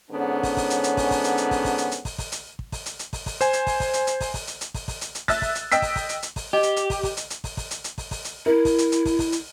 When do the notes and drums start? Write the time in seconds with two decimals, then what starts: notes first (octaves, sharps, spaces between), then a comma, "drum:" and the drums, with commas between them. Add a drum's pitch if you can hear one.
0.11 G#2 D3 B3 C#4
0.43 drum: kick, open hi-hat
0.57 drum: kick, open hi-hat
0.70 drum: hi-hat
0.84 drum: hi-hat
0.97 drum: kick, open hi-hat
1.11 drum: kick, open hi-hat
1.24 drum: hi-hat
1.38 drum: hi-hat
1.51 drum: kick, open hi-hat
1.65 drum: kick, open hi-hat
1.78 drum: hi-hat
1.92 drum: hi-hat
2.05 drum: kick, open hi-hat
2.18 drum: kick, open hi-hat
2.32 drum: hi-hat
2.59 drum: kick
2.72 drum: kick, open hi-hat
2.86 drum: hi-hat
2.99 drum: hi-hat
3.13 drum: kick, open hi-hat
3.26 drum: kick, open hi-hat
3.41 C5 G#5, drum: hi-hat
3.53 drum: hi-hat
3.67 drum: kick, open hi-hat
3.80 drum: kick, open hi-hat
3.94 drum: hi-hat
4.07 drum: hi-hat
4.21 drum: kick, open hi-hat
4.34 drum: kick, open hi-hat
4.47 drum: hi-hat
4.61 drum: hi-hat
4.74 drum: kick, open hi-hat
4.88 drum: kick, open hi-hat
5.01 drum: hi-hat
5.15 drum: hi-hat
5.28 E5 E6 F#6 A6, drum: kick, open hi-hat
5.42 drum: kick, open hi-hat
5.55 drum: hi-hat
5.72 D#5 G5 E6 B6, drum: hi-hat
5.82 drum: kick, open hi-hat
5.96 drum: kick, open hi-hat
6.09 drum: hi-hat
6.23 drum: hi-hat
6.36 drum: kick, open hi-hat
6.53 G4 D#5
6.63 drum: hi-hat
6.76 drum: hi-hat
6.90 drum: kick, open hi-hat
7.03 drum: kick, open hi-hat
7.17 drum: hi-hat
7.30 drum: hi-hat
7.44 drum: kick, open hi-hat
7.57 drum: kick, open hi-hat
7.71 drum: hi-hat
7.84 drum: hi-hat
7.98 drum: kick, open hi-hat
8.11 drum: kick, open hi-hat
8.25 drum: hi-hat
8.46 E4 A#4
8.65 drum: kick, open hi-hat
8.79 drum: hi-hat
8.92 drum: hi-hat
9.05 drum: kick, open hi-hat
9.19 drum: kick, open hi-hat
9.32 drum: hi-hat